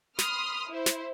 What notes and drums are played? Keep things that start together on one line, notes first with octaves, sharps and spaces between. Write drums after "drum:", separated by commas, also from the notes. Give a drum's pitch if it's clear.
B5 C6 D#6 F6, drum: snare
E4 C5
drum: snare